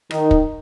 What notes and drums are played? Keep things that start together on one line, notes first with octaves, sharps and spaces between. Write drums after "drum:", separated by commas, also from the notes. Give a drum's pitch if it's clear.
D#3 D#4, drum: rim click
drum: kick